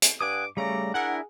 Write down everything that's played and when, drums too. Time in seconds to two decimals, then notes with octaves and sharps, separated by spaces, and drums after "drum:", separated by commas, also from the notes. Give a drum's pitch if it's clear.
0.02 drum: hi-hat
0.21 G2 F#5 G#5 D6 D#6
0.57 C#3 G3 A3 D5 A#5
0.94 D4 E4 G#4 A#4 E5 F#5